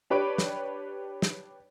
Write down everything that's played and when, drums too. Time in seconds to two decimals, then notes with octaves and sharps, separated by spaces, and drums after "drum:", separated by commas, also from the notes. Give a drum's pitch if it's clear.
0.10 D4 G4 B4 C#5 D6 D7
0.38 drum: snare
1.22 drum: snare